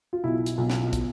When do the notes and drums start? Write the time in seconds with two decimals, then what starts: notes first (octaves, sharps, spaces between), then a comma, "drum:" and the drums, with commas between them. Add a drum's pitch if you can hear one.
0.13 F4
0.24 B1 E4
0.46 drum: hi-hat
0.58 B1 F4
0.70 drum: snare
0.93 drum: kick, hi-hat